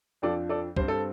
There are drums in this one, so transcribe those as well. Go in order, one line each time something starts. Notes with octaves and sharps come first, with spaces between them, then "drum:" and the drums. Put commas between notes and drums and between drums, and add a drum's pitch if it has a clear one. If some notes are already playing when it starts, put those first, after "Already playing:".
F2 F3 D4 A4 D5
A4 D5
G2 G3 C4 C5, drum: kick
A4